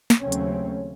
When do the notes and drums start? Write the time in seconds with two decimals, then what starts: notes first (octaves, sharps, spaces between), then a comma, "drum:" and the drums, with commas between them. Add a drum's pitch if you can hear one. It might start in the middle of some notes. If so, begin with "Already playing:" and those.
0.10 drum: snare
0.23 D#2 C#3 F#3 A3 C4 C#4
0.32 drum: hi-hat